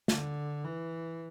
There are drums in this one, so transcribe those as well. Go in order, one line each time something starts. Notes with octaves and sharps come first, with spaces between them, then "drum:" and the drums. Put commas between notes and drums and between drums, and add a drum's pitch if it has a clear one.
D3, drum: snare
E3